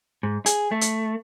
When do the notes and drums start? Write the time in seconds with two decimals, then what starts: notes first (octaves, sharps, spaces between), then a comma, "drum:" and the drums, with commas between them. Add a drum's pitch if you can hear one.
0.23 G#2
0.46 G#4, drum: hi-hat
0.72 A3
0.81 drum: hi-hat